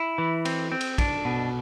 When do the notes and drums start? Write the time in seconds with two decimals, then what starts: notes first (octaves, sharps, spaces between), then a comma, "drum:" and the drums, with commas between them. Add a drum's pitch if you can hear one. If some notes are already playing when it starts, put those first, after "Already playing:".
Already playing: E4
0.18 E3
0.45 C4, drum: cymbal
0.72 C4
0.81 drum: cymbal
0.98 D4, drum: kick, cymbal
1.25 B2